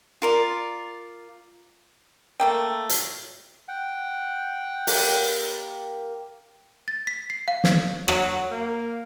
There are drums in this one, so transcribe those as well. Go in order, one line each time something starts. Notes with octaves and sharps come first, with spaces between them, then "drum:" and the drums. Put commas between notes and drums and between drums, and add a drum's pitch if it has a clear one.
F4 A#4 D5
A3 A#3 G5
drum: hi-hat
F#5 G5
A#3 G4, drum: open hi-hat
A6
B6
C7
F5
drum: snare
F#3, drum: rim click
A#3